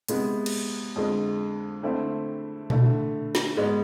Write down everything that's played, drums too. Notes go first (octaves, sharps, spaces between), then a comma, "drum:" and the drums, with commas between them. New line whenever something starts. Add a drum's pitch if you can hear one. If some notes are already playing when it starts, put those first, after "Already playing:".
C3 G#3 B3, drum: hi-hat
drum: cymbal
F2 D3 G#3
D3 A3 C4 E4
D3 A3 E4, drum: tom A#2
drum: snare
G#2 G#3 B3